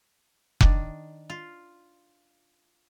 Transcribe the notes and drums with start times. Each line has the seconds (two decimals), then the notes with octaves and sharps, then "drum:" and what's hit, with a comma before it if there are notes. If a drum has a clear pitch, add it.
0.61 D#3 D4, drum: kick F1
1.30 F4